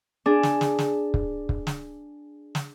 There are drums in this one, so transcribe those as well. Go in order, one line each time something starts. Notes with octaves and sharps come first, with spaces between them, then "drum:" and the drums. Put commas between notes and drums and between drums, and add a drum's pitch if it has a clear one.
D4 G#4
drum: snare
drum: snare
drum: snare
drum: kick
drum: kick
drum: snare
drum: snare